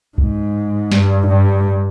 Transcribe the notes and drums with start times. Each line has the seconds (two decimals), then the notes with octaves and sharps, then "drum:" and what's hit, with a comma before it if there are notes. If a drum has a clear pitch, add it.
0.18 G#2, drum: kick
0.92 G2, drum: snare
1.28 G2